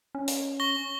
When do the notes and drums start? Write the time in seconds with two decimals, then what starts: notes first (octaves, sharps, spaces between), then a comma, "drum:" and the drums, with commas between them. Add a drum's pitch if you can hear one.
0.15 C#4
0.28 drum: open hi-hat
0.60 C#6 A#6 G7